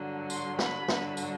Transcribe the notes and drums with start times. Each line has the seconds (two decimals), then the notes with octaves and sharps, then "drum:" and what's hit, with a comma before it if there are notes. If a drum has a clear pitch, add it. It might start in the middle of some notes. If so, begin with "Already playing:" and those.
Already playing: G2 D3 F#3
0.30 C6, drum: tambourine
0.59 B5, drum: snare
0.88 G2 D3 F#3, drum: snare
1.17 drum: tambourine